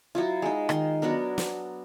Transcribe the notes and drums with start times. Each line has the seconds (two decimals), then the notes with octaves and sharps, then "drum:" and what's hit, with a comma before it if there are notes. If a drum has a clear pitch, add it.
0.15 F#3 E4 F4
0.42 G#3 D#4
0.69 D#3 C6, drum: rim click
1.02 F#3 B3 D4 A#4
1.38 drum: snare